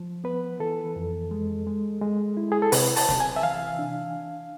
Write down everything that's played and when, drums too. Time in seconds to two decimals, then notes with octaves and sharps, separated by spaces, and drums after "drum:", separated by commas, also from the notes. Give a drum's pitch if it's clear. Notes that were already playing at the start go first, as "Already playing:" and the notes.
Already playing: F3
0.24 B3 B4
0.60 E3 A4
0.96 F2
1.31 G#3
1.67 G#3
2.01 G#3
2.37 E4
2.52 G#4
2.62 A4
2.72 C3 B4, drum: open hi-hat
2.96 A5, drum: open hi-hat
3.09 C3, drum: snare
3.20 G#5
3.36 E5
3.43 E3 F5
3.79 D4